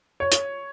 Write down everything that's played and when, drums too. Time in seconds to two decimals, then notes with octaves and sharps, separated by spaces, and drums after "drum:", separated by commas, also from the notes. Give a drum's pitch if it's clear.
0.20 C#5
0.32 drum: hi-hat